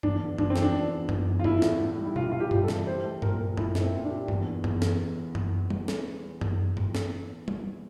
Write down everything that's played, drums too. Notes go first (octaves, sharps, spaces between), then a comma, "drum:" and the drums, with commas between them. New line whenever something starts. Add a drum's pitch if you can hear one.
E2 D4, drum: tom G2
D3
F3 D4, drum: tom F#2
C4
E2, drum: snare
D4
F3
E2
E2, drum: tom F#2
E2
F4
D4 E4, drum: tom G2
A2, drum: snare
A2
G3
E4
D4 F4, drum: tom B2
G3 F4
G4
G3, drum: tom G2
A4
E3, drum: snare
G4 C5
A3
A#2 A#4, drum: tom G2
A#2
A3 E4, drum: tom F#2
E4, drum: snare
C4
A#2
D4
G4
E2, drum: tom G2
E2
E2, drum: tom F#2
drum: snare
drum: tom F#2
drum: tom G3
drum: snare
drum: tom F#2
drum: tom G2
drum: snare
drum: tom G3